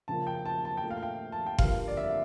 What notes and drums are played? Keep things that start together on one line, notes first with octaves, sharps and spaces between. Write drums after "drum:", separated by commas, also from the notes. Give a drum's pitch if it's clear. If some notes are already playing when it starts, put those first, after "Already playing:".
C#3 F3 A#3 A5
G5
A5
A5
G5
A#2 A3
F5
G5
A5
G5
G2 D3 F3 A#3 F5, drum: kick F#1
D5
E5